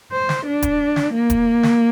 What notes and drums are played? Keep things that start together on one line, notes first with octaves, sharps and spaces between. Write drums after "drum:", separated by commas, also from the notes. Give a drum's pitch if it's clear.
C5
drum: snare
D4
drum: kick D#1, hi-hat
drum: snare
A#3
drum: kick D#1, hi-hat
drum: snare